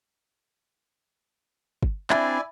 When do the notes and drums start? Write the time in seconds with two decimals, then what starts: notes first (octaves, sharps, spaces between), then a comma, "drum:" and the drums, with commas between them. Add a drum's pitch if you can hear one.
1.83 drum: kick
2.10 C4 D4 E4 D5 E5 G#5 B5, drum: clap